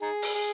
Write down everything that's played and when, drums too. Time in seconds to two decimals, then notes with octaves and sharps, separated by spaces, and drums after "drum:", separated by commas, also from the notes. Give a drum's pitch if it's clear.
0.02 D#4 G#4
0.22 drum: open hi-hat
0.35 G#4